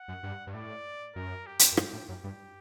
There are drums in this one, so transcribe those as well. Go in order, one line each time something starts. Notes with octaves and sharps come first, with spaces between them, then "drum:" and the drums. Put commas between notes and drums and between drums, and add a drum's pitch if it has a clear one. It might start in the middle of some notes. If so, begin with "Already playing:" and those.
Already playing: F#5
F#2
G2
G2
A2 D5
F#2 A#4
G4
drum: hi-hat
F#2
G2 G4, drum: rim click
A2
F#2 G4
G2